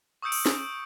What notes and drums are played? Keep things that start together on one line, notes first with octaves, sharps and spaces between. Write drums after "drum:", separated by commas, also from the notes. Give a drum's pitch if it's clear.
C#6 D#6 E6 G6 C#7 D7
drum: open hi-hat
drum: snare